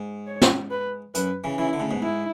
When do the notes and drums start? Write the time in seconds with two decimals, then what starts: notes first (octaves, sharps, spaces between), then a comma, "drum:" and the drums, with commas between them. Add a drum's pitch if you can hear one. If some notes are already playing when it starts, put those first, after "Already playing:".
Already playing: G#2
0.27 C#5
0.42 drum: snare
0.71 B4
1.15 F#2 B4, drum: hi-hat
1.44 C#3 E3
1.58 C#3 E3 E4
1.73 D3
1.80 A2 C#3
1.91 G#2 B2
2.02 G#2 E4